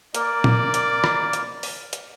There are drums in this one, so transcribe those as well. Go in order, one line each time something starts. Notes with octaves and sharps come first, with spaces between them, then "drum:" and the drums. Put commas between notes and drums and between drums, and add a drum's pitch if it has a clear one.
A#3 A#4 D5, drum: hi-hat
drum: tom A#2
drum: hi-hat
drum: rim click
drum: hi-hat
drum: open hi-hat
drum: hi-hat